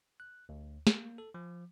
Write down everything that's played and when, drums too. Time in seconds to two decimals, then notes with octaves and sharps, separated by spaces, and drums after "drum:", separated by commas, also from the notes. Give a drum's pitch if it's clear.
0.20 F#6
0.49 D2
0.87 A#3, drum: snare
1.18 A4
1.34 F3